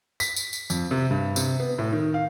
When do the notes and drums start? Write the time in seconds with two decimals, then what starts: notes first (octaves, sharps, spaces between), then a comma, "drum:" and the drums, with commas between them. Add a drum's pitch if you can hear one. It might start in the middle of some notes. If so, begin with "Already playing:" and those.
0.20 B6, drum: tambourine
0.36 drum: tambourine
0.53 drum: tambourine
0.70 F2, drum: tambourine
0.91 C3
1.11 G2
1.36 C3, drum: tambourine
1.60 B3
1.78 A2
1.93 D#3
2.14 F5